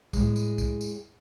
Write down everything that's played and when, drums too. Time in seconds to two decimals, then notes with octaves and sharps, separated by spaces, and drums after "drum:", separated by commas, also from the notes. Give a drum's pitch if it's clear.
0.13 A2 G#3, drum: kick, tambourine
0.36 drum: tambourine
0.58 drum: kick, tambourine
0.81 drum: tambourine